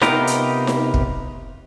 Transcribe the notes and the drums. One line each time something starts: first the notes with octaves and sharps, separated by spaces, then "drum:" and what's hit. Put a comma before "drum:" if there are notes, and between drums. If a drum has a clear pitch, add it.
C3 B3 D#4 F4 G4 A#4, drum: snare D#4
drum: hi-hat
drum: snare D#4
drum: kick